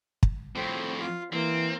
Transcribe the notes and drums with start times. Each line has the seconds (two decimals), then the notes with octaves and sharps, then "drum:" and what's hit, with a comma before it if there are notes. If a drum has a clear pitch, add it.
0.23 drum: kick
0.56 F2 A2 C4
1.00 F4
1.33 E3 A#3 C4